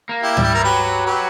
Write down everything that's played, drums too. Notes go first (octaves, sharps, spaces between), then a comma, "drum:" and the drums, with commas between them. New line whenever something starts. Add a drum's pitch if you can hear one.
A#3
E4 G4
G3, drum: tom
G4
E3 A#4
F#3 G4 B4
G4 B4